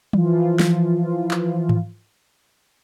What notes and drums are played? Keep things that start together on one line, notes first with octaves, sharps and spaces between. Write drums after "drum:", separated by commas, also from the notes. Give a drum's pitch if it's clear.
E3 F3 F4, drum: tom
drum: snare
drum: clap
drum: tom G#2